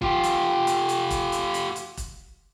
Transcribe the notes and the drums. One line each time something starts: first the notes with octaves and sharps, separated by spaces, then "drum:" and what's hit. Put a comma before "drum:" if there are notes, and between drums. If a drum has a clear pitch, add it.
F4 G4, drum: kick E1
drum: hi-hat
drum: hi-hat
drum: hi-hat
drum: kick E1, hi-hat
drum: hi-hat
drum: hi-hat
drum: hi-hat
drum: kick E1, hi-hat